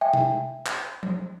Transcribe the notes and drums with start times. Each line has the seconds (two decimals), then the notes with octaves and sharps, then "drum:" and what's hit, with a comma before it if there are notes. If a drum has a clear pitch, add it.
0.01 E5 G5 G#5
0.13 drum: tom C3
0.66 drum: clap
1.03 drum: tom F3